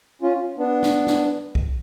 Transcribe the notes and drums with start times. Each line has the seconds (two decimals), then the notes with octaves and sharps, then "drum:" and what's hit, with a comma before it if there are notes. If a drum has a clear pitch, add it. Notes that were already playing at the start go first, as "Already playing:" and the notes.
0.22 C#4 F4
0.58 B3 D4
0.83 drum: snare
1.07 drum: snare
1.55 drum: kick B1